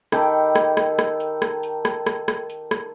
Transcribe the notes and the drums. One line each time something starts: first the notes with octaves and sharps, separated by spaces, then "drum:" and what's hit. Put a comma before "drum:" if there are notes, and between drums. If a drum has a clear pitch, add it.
D#3 G4 A4 B5, drum: rim click
drum: rim click
drum: rim click
drum: rim click
drum: hi-hat
drum: rim click
drum: hi-hat
drum: rim click
drum: rim click
drum: rim click
drum: hi-hat
drum: rim click